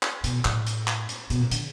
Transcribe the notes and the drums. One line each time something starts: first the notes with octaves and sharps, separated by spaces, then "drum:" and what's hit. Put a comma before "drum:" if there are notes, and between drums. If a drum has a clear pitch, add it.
drum: clap
B2, drum: hi-hat
A2, drum: clap
drum: hi-hat
drum: clap
drum: hi-hat
B2, drum: hi-hat
A#2
D3, drum: hi-hat